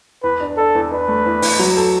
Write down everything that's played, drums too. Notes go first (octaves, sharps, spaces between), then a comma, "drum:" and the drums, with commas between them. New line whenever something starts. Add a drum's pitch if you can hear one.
E2 B4
D4
D4 A4
E2
D4 B4
A3
E2
E2, drum: open hi-hat
F#3
A4